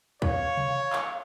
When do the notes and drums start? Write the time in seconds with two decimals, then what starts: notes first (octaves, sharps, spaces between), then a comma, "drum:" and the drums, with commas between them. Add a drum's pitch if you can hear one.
0.22 C#5 F5, drum: kick
0.57 drum: tom C3
0.93 drum: clap